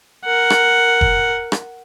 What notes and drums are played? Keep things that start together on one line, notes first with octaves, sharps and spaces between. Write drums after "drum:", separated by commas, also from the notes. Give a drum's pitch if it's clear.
A#4 F#5
drum: rim click
drum: kick
drum: rim click